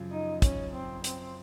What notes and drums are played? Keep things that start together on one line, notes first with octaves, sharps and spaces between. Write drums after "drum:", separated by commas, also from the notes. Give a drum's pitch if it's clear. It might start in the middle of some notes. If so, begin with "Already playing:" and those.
Already playing: F#2 C#3 F3
D#4
C#4, drum: kick, hi-hat
C4
C4, drum: hi-hat